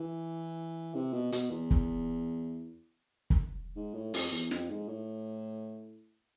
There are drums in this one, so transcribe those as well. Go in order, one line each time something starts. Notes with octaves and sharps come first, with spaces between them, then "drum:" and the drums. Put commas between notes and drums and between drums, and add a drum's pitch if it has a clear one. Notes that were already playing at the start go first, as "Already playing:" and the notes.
Already playing: E3
C3
B2
B2, drum: hi-hat
E2
drum: kick
drum: kick
G#2
A2
F2, drum: open hi-hat
E2
F2, drum: snare
G#2
A2